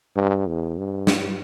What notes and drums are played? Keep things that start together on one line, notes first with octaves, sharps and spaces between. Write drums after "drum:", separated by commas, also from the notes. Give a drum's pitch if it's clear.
G2
E2
G2
drum: snare